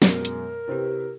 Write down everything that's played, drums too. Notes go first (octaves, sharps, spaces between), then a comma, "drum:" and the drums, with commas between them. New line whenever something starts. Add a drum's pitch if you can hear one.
F#2 B2 G#3 A#4, drum: snare
drum: hi-hat
C3 C4 E4 G4 B4